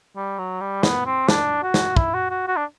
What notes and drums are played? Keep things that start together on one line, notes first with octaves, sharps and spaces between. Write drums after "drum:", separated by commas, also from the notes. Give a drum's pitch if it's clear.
G3
F#3
G3
B3, drum: snare
C4
D4, drum: snare
F#4
drum: snare
E4, drum: kick
F#4
F#4
F#4
D4